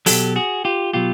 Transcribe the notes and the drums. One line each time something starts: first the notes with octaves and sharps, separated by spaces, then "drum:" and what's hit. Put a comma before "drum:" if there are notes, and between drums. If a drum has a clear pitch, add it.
B2 F#3 G4 A4, drum: open hi-hat
F#4 G#4
F4 G4
B2 F#3 F4 G4